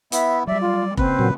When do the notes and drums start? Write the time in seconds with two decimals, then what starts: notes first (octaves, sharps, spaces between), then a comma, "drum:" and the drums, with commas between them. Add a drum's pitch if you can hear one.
0.12 B3 E4 E5, drum: hi-hat
0.47 F#3 G3 D5 E5
0.61 F4
0.97 C#3 A#3 C4 B4, drum: kick F1
1.19 A#2 F#3